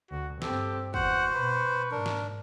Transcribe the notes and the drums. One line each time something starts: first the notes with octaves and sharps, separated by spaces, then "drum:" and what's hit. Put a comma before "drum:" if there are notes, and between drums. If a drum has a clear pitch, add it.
D2 F#4
G2 C4 G4 A4, drum: snare
E2 F#4 C5 F#5, drum: kick
B2 B4 C#6
G#2 D4 A#4
drum: snare